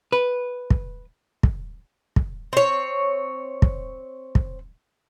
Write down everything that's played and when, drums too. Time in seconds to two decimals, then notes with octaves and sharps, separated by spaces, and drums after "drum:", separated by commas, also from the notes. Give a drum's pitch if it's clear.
0.12 B4
0.70 drum: kick
1.43 drum: kick
2.16 drum: kick
2.53 C4 C#5
3.62 drum: kick
4.35 drum: kick